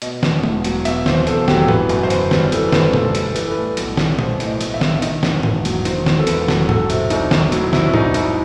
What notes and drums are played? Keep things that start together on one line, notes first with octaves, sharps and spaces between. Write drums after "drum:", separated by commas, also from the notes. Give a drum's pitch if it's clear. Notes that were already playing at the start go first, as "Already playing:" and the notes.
B2 D#5, drum: hi-hat
E2, drum: snare
E1, drum: tom
F#3, drum: hi-hat
B2 E5, drum: hi-hat
E2 C5, drum: snare
E1 A4, drum: hi-hat
F#3 G4, drum: snare
A4
E3 B4, drum: tom G#2
F#2, drum: hi-hat
C5
G1 B4, drum: hi-hat
G3, drum: snare
E3 A4, drum: hi-hat
B4
F#2 C5, drum: snare
G1 A4, drum: tom B2
A4
G3 B4, drum: hi-hat
E3 B4, drum: hi-hat
A4
A2 B4
B1, drum: hi-hat
G3, drum: snare
E3 C5, drum: tom B2
A2, drum: hi-hat
D#5
B1, drum: hi-hat
E5
G3, drum: snare
E5
D#3 D#5, drum: hi-hat
E2, drum: snare
E1, drum: tom G#2
F#3, drum: hi-hat
D#3 C5, drum: hi-hat
E2, drum: snare
A4
E1 B4, drum: hi-hat
F#3, drum: snare
F#3 A4, drum: tom
C3, drum: hi-hat
C2 D#4, drum: hi-hat
C2, drum: snare
F#3 E4, drum: hi-hat
C3 E4, drum: snare
C2 D#4, drum: tom G#2
C2 E4, drum: hi-hat